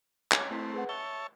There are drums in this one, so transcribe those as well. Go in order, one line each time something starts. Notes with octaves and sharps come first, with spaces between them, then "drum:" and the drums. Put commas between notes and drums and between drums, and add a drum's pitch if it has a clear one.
C#5 G#5 D6, drum: clap
A3 C4 E4 B6
G#4 B4 F#5
C#5 E5 A5 C#7 G7